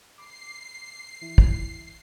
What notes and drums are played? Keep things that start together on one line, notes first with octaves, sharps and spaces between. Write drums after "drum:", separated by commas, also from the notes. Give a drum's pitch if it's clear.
B5 D6 C7
E3 E4
drum: kick